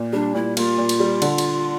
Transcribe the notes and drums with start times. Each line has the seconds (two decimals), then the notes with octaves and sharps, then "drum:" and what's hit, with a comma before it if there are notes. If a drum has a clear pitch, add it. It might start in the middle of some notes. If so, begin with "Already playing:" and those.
Already playing: A#2
0.13 G3 D4
0.34 A#2 E4
0.57 A#3 F4, drum: cymbal
0.78 A#2
0.89 drum: cymbal
1.00 G3
1.22 D3, drum: cymbal
1.38 drum: cymbal